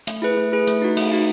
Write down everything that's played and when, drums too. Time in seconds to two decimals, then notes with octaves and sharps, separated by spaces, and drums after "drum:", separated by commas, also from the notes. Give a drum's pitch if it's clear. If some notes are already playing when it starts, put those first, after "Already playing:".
0.07 A3, drum: hi-hat
0.22 E4 G#4 B4
0.37 A3
0.52 E4 G#4 B4
0.67 A3, drum: hi-hat
0.82 D#4 F#4
0.97 A3, drum: open hi-hat
1.12 D#4 F#4